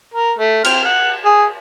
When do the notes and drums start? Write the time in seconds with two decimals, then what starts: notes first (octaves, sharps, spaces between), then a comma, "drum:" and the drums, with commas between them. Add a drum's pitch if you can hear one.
0.14 A#4
0.39 A3
0.64 C4 F6, drum: cymbal
0.85 F#5
1.25 G#4